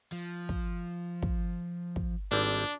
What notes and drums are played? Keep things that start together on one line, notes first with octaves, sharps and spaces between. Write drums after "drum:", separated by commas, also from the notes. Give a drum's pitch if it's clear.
F3
drum: kick
drum: kick
drum: kick
G#1 G3 C4 D4